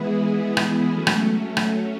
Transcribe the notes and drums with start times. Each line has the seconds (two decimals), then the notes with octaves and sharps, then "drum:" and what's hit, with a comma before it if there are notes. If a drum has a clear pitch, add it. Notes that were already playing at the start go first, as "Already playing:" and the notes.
Already playing: E3 G#3 B3 E4 G#4
0.57 drum: rim click
0.90 F#3 A3 C#4
1.07 drum: rim click
1.57 drum: rim click